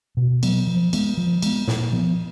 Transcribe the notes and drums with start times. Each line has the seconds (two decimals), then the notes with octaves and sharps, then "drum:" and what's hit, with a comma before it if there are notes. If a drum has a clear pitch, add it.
0.17 B2
0.43 F#3 B3, drum: cymbal
0.67 F3
0.93 G#3 B3, drum: cymbal
1.17 F3
1.42 G#3 B3, drum: cymbal
1.68 A#2, drum: snare
1.93 F3 B3